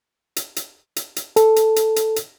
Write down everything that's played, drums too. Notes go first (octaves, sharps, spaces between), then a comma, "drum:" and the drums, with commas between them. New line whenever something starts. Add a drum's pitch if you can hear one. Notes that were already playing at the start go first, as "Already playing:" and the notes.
drum: hi-hat
drum: hi-hat
drum: hi-hat
drum: hi-hat
A4, drum: hi-hat
drum: hi-hat
drum: hi-hat
drum: hi-hat
drum: hi-hat